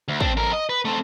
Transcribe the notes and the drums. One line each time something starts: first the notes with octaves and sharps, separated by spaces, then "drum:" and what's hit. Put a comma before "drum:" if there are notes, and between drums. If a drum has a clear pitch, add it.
D2
C4 D4, drum: kick
F2 A#4
D#5
B4
A3 C4